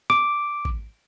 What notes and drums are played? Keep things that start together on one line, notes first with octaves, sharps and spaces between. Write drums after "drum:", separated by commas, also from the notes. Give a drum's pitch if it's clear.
D6, drum: snare
drum: kick